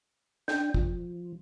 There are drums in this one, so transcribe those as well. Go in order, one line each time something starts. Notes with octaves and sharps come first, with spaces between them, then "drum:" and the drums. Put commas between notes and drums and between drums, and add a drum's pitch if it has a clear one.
D4 G5, drum: snare
F3, drum: kick